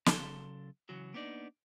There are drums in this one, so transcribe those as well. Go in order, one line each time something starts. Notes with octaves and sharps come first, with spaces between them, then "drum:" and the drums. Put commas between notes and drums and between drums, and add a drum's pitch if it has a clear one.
C#3 F#3 A4 D#5 A5 C6, drum: snare
C#3 E3 F#3 F#4
A#3 B3 D4 D#4 D5